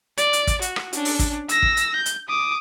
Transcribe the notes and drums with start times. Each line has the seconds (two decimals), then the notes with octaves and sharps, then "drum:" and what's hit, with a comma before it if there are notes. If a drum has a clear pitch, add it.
0.18 D5, drum: hi-hat
0.33 drum: hi-hat
0.47 drum: kick, hi-hat
0.62 F#4, drum: hi-hat
0.76 drum: rim click
0.93 C#4 D4, drum: hi-hat
1.05 drum: open hi-hat
1.19 drum: kick, hi-hat
1.49 E6 A#6, drum: hi-hat
1.62 drum: kick
1.77 drum: hi-hat
1.96 G6
2.06 drum: hi-hat
2.29 D6 D#6